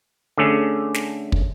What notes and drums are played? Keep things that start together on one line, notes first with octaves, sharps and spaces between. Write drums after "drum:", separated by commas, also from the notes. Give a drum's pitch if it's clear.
D3 A3 C#4 G#4
drum: snare
drum: kick